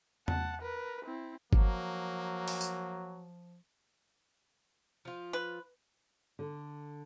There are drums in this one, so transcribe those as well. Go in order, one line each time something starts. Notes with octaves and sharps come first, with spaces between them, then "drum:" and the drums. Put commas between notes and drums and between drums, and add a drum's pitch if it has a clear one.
F#5 A5, drum: tom E2
A#4 B4
C4 E4
F3 F#3 A#3, drum: kick G1
drum: open hi-hat
drum: tambourine
F3 F4
B4
D3